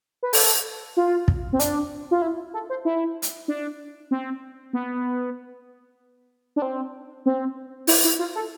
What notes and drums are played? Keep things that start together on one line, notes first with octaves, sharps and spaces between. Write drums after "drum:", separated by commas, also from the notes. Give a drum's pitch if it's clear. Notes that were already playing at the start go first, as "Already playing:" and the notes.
B4
A4, drum: open hi-hat
F4
drum: kick
C4
D4, drum: hi-hat
F4
E4
A4
C5
E4
drum: hi-hat
D4
C4
B3
D4
C4
C4
E4, drum: open hi-hat
E4
F4
A4